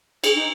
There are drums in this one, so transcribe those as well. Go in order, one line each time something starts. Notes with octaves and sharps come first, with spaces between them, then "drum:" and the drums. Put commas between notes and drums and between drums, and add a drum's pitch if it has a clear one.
G#4, drum: cymbal
D#4